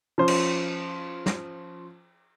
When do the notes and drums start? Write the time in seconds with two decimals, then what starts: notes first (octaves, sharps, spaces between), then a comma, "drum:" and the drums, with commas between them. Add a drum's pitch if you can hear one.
0.18 F3 C#4 C5
0.28 drum: cymbal
1.26 drum: snare